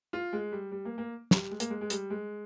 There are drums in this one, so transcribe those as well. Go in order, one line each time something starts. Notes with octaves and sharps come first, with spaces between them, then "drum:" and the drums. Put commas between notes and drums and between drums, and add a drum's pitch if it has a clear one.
F4
G#3
G3
G3
A#3
A#3
G3, drum: snare
G#3
A#3, drum: hi-hat
G#3
G#3
G3, drum: hi-hat
G#3